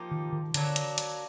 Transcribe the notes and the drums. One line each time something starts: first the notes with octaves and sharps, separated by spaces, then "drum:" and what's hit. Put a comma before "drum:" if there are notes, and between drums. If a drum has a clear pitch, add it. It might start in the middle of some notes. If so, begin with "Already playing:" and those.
Already playing: F3 A#3 D#4 G4
D#3
D#3
D3 F#3 A#3 D4, drum: hi-hat
drum: hi-hat
drum: hi-hat